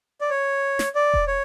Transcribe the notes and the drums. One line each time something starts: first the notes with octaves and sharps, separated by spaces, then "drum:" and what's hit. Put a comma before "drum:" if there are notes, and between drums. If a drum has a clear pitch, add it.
D5
C#5
drum: snare
D5
drum: kick E1
C#5